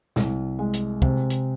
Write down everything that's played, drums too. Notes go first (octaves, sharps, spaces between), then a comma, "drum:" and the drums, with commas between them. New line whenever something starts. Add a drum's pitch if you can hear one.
C2, drum: snare
G#3
drum: hi-hat
C3, drum: kick
drum: hi-hat